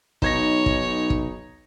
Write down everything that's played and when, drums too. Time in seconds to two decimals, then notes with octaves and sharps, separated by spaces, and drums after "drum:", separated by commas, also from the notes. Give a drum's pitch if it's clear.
0.22 B1 D#4 C#5 G#6 A#6, drum: kick
0.66 drum: kick
1.10 drum: kick